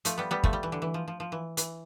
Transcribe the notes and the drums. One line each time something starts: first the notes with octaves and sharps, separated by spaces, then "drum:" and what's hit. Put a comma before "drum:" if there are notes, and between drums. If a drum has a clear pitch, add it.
F3 A3, drum: hi-hat
G3 B3
G3 B3
F3 A3, drum: kick
G3
E3
D3
E3
F3
F3
F3
E3
E3, drum: hi-hat